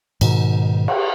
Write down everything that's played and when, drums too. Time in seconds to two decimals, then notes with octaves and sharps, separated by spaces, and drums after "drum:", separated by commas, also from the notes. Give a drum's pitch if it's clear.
0.21 G#2 B2 D#3, drum: cymbal
0.88 drum: cymbal